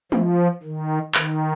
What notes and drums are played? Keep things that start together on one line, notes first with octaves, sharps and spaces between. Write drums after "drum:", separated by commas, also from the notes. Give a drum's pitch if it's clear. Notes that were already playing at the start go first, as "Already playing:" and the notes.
F3, drum: tom G#3
D#3
D#3, drum: clap